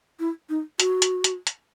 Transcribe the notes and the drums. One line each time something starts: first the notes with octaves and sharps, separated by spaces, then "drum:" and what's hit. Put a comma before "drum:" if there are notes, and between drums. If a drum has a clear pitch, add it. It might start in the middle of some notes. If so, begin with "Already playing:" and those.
E4
D#4
F#4, drum: hi-hat
drum: hi-hat
drum: hi-hat
drum: hi-hat